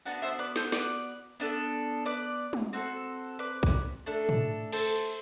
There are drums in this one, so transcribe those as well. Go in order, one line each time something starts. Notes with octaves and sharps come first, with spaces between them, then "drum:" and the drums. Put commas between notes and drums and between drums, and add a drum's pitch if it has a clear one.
B3 D4 F#4 F#5 A5
C5 E5
B4 D5
A4 C5, drum: snare
B4 D5, drum: snare
B3 D4 A4
B4 D5
drum: tom
C4 F#4 A4
B4 D5
drum: kick
A3 D4 A4
drum: tom
A4 C5, drum: cymbal